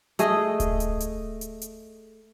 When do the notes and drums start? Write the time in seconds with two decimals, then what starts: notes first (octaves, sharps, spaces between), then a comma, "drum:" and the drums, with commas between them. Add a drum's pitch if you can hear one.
0.19 A3 G#4 D#5, drum: hi-hat
0.60 drum: kick D1, hi-hat
0.80 drum: hi-hat
1.00 drum: hi-hat
1.41 drum: hi-hat
1.62 drum: hi-hat